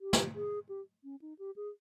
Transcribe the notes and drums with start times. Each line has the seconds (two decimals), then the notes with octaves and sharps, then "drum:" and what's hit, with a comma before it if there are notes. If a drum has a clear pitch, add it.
0.01 G4
0.13 drum: snare
0.35 G#4
0.69 G4
1.04 C#4
1.22 D#4
1.39 G4
1.56 G#4